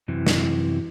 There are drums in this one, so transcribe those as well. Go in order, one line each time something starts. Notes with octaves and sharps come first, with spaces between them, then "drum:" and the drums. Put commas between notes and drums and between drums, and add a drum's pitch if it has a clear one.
F#2 C3 E3
drum: snare